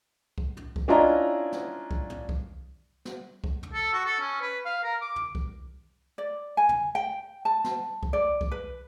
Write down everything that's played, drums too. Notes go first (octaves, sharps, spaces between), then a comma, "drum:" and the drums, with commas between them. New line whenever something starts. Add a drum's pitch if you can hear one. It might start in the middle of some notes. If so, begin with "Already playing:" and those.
drum: kick C2
drum: tom
drum: kick C2
C#4 D4 E4 F4 D#5 A#5
drum: snare
drum: kick C2
drum: tom
drum: kick C2
drum: snare
drum: kick C2
drum: tom
A4
F#4
A4
C#4
B4
F5
A#4
D6
drum: tom
drum: kick C2
D5
G#5
drum: tom
G5
A5
drum: snare
drum: kick C2
D5
drum: kick C2
B4